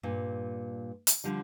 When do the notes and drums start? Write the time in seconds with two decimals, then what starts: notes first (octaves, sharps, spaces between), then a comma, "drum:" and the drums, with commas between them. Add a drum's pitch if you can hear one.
0.03 G2 A#2
1.07 drum: hi-hat
1.24 D3 F3 G3